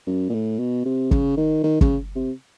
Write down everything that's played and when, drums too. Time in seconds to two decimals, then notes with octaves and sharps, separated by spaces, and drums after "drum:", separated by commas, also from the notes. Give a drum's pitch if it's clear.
0.07 F#2
0.29 A#2
0.34 A2
0.59 B2
0.85 C3
1.11 C#3, drum: kick
1.37 D#3
1.63 D#3
1.81 C#3, drum: kick
2.15 C3